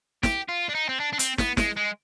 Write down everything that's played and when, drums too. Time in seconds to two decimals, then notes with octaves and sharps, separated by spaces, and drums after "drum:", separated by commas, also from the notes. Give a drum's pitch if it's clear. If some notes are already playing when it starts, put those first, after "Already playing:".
0.23 G4, drum: snare
0.49 F4
0.69 D4
0.75 D#4
0.89 C4
1.00 D4
1.13 D4
1.19 C4, drum: hi-hat
1.38 B3, drum: snare
1.57 G#3, drum: snare
1.77 G#3